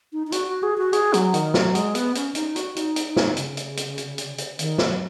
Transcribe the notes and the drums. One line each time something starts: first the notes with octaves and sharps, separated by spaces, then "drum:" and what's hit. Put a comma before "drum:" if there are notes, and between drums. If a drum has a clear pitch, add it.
D#4
D#4
F#4, drum: hi-hat
F#4
G#4
F#4
G#4, drum: hi-hat
F#3, drum: hi-hat
D#3, drum: hi-hat
F#3, drum: snare
G#3, drum: hi-hat
B3, drum: hi-hat
C#4, drum: hi-hat
D#4, drum: hi-hat
F#4, drum: hi-hat
D#4, drum: hi-hat
drum: hi-hat
D#4
drum: snare
C#3, drum: hi-hat
drum: hi-hat
drum: hi-hat
drum: hi-hat
drum: hi-hat
drum: hi-hat
D#3, drum: hi-hat
F#3, drum: snare